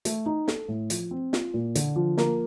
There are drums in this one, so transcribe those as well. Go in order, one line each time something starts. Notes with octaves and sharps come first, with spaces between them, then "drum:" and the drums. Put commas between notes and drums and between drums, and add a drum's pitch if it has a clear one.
A3, drum: hi-hat
D#4
A4, drum: snare
A2
F3, drum: hi-hat
C4
F4, drum: snare
A#2
D3, drum: hi-hat
F3
A#3, drum: snare